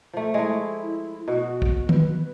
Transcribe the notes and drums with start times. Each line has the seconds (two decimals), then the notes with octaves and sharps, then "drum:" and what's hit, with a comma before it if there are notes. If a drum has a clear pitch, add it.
0.13 F3 A3
0.34 G#3 A3 E4
1.28 B2 F#4
1.62 drum: kick
1.89 B4, drum: tom D#3